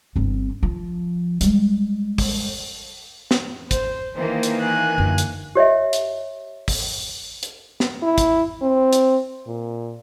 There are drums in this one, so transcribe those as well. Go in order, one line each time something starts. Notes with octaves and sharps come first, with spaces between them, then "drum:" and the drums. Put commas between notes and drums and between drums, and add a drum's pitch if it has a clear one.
G1 C4
F3
G3 G#3, drum: hi-hat
drum: kick, open hi-hat
drum: snare
C5, drum: kick, hi-hat
D#3 E3 A#3 C5
drum: hi-hat
G#5 F#6
F#2 D3
drum: hi-hat
G4 C#5 D#5 E5
drum: hi-hat
drum: kick, open hi-hat
drum: hi-hat
drum: snare
E4
drum: kick, hi-hat
C4
drum: hi-hat
A#2